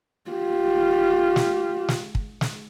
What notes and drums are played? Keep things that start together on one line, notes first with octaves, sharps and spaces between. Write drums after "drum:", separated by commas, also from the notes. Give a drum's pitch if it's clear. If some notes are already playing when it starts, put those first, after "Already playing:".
F4 G4
drum: snare
drum: snare
drum: kick
drum: snare